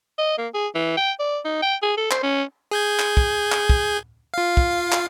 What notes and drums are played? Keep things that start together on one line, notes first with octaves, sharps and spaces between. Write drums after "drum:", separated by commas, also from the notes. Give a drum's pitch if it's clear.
D#5
A#3
G#4
E3
G5
D5
D#4
G5
G#4
A4
C5, drum: clap
C#4
G#4 G6 G#6
drum: clap
drum: kick
drum: clap
drum: kick
F4 F5
drum: kick
drum: clap